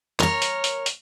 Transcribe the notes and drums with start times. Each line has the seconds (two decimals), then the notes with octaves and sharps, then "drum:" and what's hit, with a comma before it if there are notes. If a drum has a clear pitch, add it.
0.20 A#4 C#5, drum: clap
0.42 drum: hi-hat
0.64 drum: hi-hat
0.86 drum: hi-hat